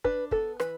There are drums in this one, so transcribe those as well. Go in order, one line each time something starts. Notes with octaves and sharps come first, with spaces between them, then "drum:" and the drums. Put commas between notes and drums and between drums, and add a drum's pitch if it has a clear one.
D4 B4, drum: kick
B3 A4, drum: kick
E3 B4, drum: rim click